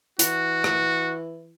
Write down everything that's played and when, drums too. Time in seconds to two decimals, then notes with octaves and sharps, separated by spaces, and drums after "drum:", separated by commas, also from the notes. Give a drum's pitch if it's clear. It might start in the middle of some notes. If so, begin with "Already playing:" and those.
0.19 E3 F#4, drum: hi-hat
0.64 drum: rim click